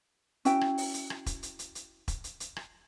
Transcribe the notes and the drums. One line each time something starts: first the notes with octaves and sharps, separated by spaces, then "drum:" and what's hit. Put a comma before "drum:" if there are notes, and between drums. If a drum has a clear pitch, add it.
C#4 E4 F#4 G5, drum: hi-hat
drum: rim click
drum: open hi-hat
drum: hi-hat
drum: rim click
drum: kick E1, hi-hat
drum: hi-hat
drum: hi-hat
drum: hi-hat
drum: kick E1, hi-hat
drum: hi-hat
drum: hi-hat
drum: rim click